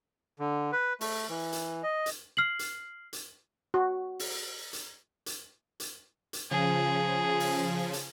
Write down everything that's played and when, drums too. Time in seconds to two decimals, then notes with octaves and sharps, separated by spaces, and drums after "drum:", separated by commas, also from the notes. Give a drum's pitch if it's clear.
0.39 D3
0.72 B4
1.01 A3, drum: open hi-hat
1.29 E3
1.52 drum: hi-hat
1.83 D#5
2.06 drum: hi-hat
2.37 F6 C7 F#7
2.59 drum: hi-hat
3.13 drum: hi-hat
3.74 F#4
4.19 drum: open hi-hat
4.73 drum: hi-hat
5.26 drum: hi-hat
5.80 drum: hi-hat
6.33 drum: hi-hat
6.51 C#3 F3 G#4
7.40 drum: open hi-hat
7.93 drum: hi-hat